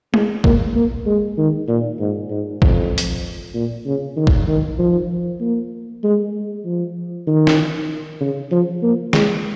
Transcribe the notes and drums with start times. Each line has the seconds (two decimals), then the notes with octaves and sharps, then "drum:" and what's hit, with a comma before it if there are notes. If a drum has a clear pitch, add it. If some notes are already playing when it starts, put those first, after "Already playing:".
0.14 G#3, drum: tom G#3
0.44 A#3, drum: kick
0.75 A#3
1.06 G#3
1.38 D#3
1.68 A#2
1.99 G#2
2.30 G#2
2.62 F2, drum: kick
2.98 drum: hi-hat
3.54 A#2
3.86 C#3
4.17 D#3
4.27 drum: kick
4.48 D#3
4.79 F3
5.41 A#3
6.04 G#3
6.65 F3
7.27 D#3
7.47 drum: snare
8.21 C#3
8.52 F3
8.83 A#3
9.13 G#3, drum: snare